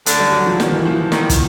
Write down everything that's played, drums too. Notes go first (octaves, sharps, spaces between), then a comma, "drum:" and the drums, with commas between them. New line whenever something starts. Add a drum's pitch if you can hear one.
D3 A3, drum: hi-hat
G3
F#3
F3
D#3, drum: snare
E3
F3
D#3, drum: snare
drum: kick, hi-hat